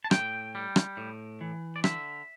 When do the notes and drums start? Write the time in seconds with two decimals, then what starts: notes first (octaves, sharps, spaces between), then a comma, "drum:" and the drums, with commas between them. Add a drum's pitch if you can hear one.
0.04 A5
0.11 A2 G5, drum: rim click
0.55 G3
0.76 drum: rim click
0.97 A2
1.41 E3
1.76 D5
1.84 D3 E5, drum: rim click